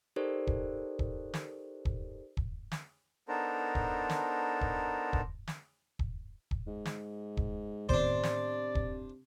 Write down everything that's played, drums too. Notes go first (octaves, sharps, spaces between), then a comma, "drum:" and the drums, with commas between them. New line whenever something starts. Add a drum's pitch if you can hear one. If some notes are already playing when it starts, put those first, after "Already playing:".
D#4 G4 A4 A#4 C5 D5
drum: kick
drum: kick
drum: snare
drum: kick
drum: kick
drum: snare
B3 D4 D#4 A4 A#4 C5
drum: kick
drum: snare
drum: kick
drum: kick
drum: snare
drum: kick
drum: kick
G#2
drum: snare
drum: kick
A2 C3 D#3 B3 D4 C5 D5, drum: kick
drum: snare
drum: kick